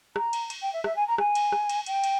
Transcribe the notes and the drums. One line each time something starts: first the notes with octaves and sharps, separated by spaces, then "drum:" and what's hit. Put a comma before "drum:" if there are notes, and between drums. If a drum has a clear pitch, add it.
A#5, drum: rim click
drum: cymbal
drum: cymbal
G5
E5
E5, drum: rim click
G#5
A#5
G#5, drum: rim click
drum: cymbal
drum: rim click
drum: cymbal
G5, drum: cymbal
drum: cymbal